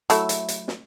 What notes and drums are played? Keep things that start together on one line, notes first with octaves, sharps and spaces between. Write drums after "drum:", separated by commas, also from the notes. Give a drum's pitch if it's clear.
F#3 A3 E4, drum: hi-hat
drum: hi-hat
drum: hi-hat
drum: snare